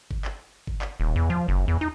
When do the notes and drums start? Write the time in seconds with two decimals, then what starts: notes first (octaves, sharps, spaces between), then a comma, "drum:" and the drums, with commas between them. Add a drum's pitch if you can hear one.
0.11 drum: kick G1
0.25 drum: clap
0.67 drum: kick G1
0.82 drum: clap
1.00 D#1
1.16 E2
1.30 F3
1.48 F#1
1.68 E2
1.81 D#4